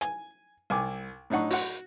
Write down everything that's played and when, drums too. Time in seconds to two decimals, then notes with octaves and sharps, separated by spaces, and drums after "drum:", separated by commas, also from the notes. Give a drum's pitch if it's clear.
0.01 G#5, drum: hi-hat
0.70 C2 G#5 D6
1.30 A2 D4 D#4 F#5 C#6
1.50 F#4 F#5, drum: open hi-hat